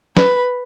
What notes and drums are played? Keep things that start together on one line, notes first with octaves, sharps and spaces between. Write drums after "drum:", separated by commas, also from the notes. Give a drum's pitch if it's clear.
B4, drum: snare